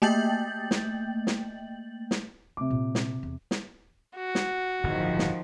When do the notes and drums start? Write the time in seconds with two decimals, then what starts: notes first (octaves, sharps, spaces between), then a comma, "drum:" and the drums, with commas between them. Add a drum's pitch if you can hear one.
0.02 A3 A#3 G5 G6 A6 F#7
0.71 drum: snare
1.27 drum: snare
2.11 drum: snare
2.57 C3 A3 D6
2.70 A#2 E4
2.95 drum: snare
3.23 E2
3.51 drum: snare
4.16 F#4
4.35 drum: snare
4.84 D1 G1 E2 D#3 F3
5.19 drum: snare